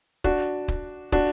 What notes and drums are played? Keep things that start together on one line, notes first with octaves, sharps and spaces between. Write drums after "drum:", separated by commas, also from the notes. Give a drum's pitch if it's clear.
D4 F#4, drum: kick
drum: kick
D4 F#4, drum: kick